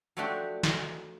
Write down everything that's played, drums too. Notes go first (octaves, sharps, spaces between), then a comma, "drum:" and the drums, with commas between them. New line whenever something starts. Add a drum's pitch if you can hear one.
F3 F#3 A3 D4 F#4 G4
drum: snare